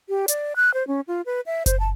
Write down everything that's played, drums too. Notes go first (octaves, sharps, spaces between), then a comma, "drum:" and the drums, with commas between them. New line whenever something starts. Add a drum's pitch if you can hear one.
G4
D5, drum: hi-hat
F#6
C5
C#4
F4
B4
E5
C5, drum: kick F#1, hi-hat
A5